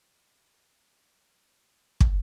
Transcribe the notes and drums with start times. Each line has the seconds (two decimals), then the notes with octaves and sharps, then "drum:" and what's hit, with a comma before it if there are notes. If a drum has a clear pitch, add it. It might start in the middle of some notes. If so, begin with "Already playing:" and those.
0.25 A4 C6 F#6 C7 F#7
1.52 G3 G#3 C#4
2.00 drum: kick